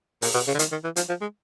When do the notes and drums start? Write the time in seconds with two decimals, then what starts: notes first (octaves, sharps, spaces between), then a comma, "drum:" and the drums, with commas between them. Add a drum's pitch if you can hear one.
0.22 A#2, drum: open hi-hat
0.34 B2
0.47 C#3
0.54 D3
0.59 D#3, drum: hi-hat
0.72 D#3
0.84 E3
0.96 F3, drum: hi-hat
1.09 F3
1.21 G#3